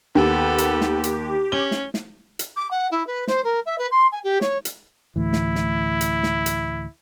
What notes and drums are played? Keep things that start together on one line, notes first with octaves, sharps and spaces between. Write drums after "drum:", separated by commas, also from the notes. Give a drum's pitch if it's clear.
D#2 B3 G4 A4
drum: hi-hat
drum: snare
drum: hi-hat
C#4 G7
drum: snare
drum: snare
drum: hi-hat
D6
F#5
E4
B4
C5, drum: snare
A#4
E5
B4
C6
G#5
G4
C#5, drum: snare
drum: hi-hat
D2 A2 E3 E4
drum: snare
drum: snare
drum: hi-hat
drum: snare
drum: hi-hat